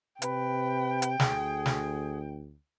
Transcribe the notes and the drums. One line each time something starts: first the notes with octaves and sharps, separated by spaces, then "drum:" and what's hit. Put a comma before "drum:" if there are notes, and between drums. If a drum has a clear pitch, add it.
C3 B4 G5, drum: hi-hat
drum: hi-hat
D2 G#4, drum: snare
drum: snare